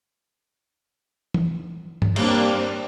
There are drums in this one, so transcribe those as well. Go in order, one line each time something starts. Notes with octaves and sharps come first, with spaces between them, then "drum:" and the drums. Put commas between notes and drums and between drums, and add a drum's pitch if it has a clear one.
drum: tom E3
drum: tom
G3 A#3 C4 D4, drum: cymbal